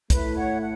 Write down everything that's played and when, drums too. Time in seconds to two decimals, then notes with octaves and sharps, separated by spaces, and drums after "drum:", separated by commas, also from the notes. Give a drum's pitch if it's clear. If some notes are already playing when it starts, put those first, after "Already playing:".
0.10 A2 A3 E4 A4 B4, drum: kick, hi-hat
0.35 C#5 F#5
0.60 F#5